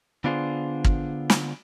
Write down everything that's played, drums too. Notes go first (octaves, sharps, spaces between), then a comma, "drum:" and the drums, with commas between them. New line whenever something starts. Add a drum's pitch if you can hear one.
D3 B3 D4 F4 G#4 C5
drum: kick
drum: snare